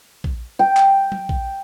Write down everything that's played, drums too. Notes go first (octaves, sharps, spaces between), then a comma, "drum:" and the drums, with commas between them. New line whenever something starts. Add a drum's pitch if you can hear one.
drum: kick A#1
G5
drum: clap
drum: tom F#3
drum: kick A#1